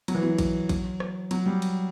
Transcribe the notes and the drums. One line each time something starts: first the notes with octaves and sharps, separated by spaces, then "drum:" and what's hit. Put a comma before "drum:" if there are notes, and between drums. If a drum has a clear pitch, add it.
F#3, drum: cymbal
E3
F#3
drum: kick, cymbal
drum: kick, cymbal
drum: rim click
F#3, drum: cymbal
G3
drum: cymbal